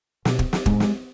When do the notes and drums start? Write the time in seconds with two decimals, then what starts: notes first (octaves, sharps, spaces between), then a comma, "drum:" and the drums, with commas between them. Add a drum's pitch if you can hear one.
0.25 B2, drum: snare
0.39 drum: kick
0.53 drum: snare
0.66 A2 G#3, drum: kick
0.80 drum: snare